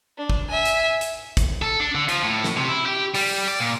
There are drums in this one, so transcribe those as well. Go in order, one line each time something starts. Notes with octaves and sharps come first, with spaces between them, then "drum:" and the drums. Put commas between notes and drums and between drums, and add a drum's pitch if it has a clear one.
D4
drum: kick
E5 G#5
drum: hi-hat
drum: hi-hat
drum: kick, hi-hat
A4
D4
D3
F3, drum: hi-hat
A2
drum: snare
C3
E4
G4
G3, drum: open hi-hat
D5
A#2